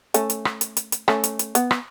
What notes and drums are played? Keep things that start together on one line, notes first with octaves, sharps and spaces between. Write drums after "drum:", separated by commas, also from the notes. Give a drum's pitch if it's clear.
A3 C#4, drum: hi-hat
drum: hi-hat
drum: rim click
drum: hi-hat
drum: hi-hat
drum: hi-hat
A3 C#4, drum: rim click
drum: hi-hat
drum: hi-hat
B3, drum: hi-hat
drum: rim click